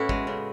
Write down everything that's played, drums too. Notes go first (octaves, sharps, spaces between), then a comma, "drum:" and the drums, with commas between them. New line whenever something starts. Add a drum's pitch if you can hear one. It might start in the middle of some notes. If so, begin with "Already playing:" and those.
Already playing: A2 B3 C#4 E4 F#4
G#3, drum: kick
C#3